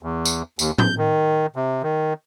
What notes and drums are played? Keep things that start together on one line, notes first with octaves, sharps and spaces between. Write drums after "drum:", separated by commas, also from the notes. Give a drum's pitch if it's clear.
E2
drum: tambourine
D#2, drum: tambourine
G6, drum: tom
D#3
C3
D#3